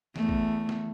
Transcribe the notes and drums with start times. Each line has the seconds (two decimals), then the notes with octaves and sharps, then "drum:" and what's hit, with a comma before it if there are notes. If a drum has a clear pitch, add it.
0.16 E2 A3, drum: snare
0.29 drum: kick A1
0.69 drum: snare